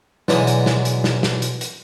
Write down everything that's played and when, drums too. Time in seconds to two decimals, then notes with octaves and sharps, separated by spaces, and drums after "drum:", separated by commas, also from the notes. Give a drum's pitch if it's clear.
0.28 B2 D3 E3 F#3 G#3 D#6, drum: snare
0.47 drum: hi-hat
0.66 drum: snare
0.85 drum: hi-hat
1.04 drum: snare
1.23 drum: snare
1.42 drum: hi-hat
1.61 drum: hi-hat